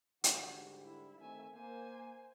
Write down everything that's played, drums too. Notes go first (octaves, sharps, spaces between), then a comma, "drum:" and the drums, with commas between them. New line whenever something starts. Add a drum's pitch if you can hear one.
G#2 D3 G3 F#4 G4, drum: hi-hat
E4
D#3 A3 C4 E5 G#5
A#3 C5 G#5